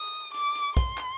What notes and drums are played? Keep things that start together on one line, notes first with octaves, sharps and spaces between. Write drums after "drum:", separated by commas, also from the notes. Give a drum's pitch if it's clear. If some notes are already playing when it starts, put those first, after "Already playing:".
Already playing: D#6
D6, drum: hi-hat
drum: hi-hat
C6, drum: kick, hi-hat
drum: clap